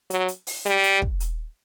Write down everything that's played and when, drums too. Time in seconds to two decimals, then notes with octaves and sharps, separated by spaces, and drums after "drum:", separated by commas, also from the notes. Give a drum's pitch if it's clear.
0.10 F#3, drum: hi-hat
0.28 drum: hi-hat
0.47 drum: open hi-hat
0.66 G3, drum: hi-hat
0.83 drum: hi-hat
1.02 drum: kick
1.20 drum: hi-hat